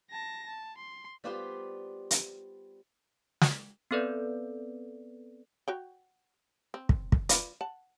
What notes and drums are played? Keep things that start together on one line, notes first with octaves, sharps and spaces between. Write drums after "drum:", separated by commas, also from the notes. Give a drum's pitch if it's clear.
A5 A#6
A5
C6
G3 B3 F4 G4 B4 C5
drum: hi-hat
drum: snare
B3 C4 A4 B4 D5
F#4 C#5 G5
C4
drum: kick
drum: kick
F4 B4 D5, drum: hi-hat
F#5 A5